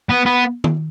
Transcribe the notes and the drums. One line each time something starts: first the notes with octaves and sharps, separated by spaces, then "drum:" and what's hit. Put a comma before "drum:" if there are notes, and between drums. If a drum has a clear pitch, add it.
B3
B3
drum: tom D#3